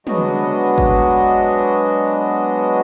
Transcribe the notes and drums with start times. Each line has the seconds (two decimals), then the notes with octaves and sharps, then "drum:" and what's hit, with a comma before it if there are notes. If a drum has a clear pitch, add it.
0.07 F#3 G#3 B3 D4 F#4 D#5, drum: tom
0.78 drum: kick